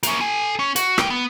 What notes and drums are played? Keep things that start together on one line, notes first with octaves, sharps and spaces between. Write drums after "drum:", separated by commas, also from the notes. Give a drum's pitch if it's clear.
A#3 C#4, drum: hi-hat
A4 G#5
C#4
F#4, drum: hi-hat
A4 G5, drum: rim click
B3